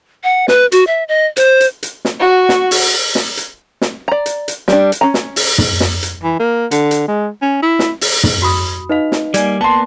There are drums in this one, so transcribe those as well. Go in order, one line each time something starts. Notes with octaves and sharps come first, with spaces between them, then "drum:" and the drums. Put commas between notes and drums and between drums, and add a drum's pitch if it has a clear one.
F#5
B4, drum: snare
F#4, drum: hi-hat
E5
D#5
C5, drum: hi-hat
drum: hi-hat
drum: hi-hat
drum: snare
F#4
drum: snare
drum: open hi-hat
drum: snare
drum: hi-hat
drum: snare
D5 A#5
drum: hi-hat
drum: hi-hat
G3 D4, drum: snare
drum: hi-hat
C#4 A#5
drum: snare
drum: open hi-hat
drum: tom
drum: snare
drum: hi-hat
E3
A#3
D3, drum: hi-hat
drum: hi-hat
G#3
C#4
E4
drum: snare
drum: open hi-hat
drum: tom
F#4 B5 D#6
D#4 B4 D#5 F5 F7
drum: snare
G3 A#3 D5 G#5, drum: hi-hat
A#3 B3 A5 C6